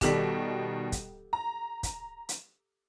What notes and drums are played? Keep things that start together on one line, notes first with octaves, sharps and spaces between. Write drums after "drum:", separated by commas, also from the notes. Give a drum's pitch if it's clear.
B2 D#3 G3 G4 A4 B6, drum: kick, hi-hat
drum: kick, hi-hat
A#5
drum: kick, hi-hat
drum: hi-hat